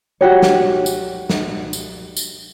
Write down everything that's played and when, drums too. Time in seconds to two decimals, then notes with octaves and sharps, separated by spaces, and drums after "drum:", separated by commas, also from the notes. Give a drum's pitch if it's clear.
0.21 F#4 G4 C#5
0.42 drum: snare
0.86 drum: tambourine
1.30 drum: snare
1.73 drum: tambourine
2.17 drum: tambourine